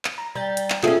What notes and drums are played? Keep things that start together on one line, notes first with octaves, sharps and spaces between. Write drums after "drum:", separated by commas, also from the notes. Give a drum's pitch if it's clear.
drum: clap
A#5
G3 A#5 G6 A6
drum: hi-hat
drum: clap
C#4 D4 F4 G#4 A4 E5, drum: clap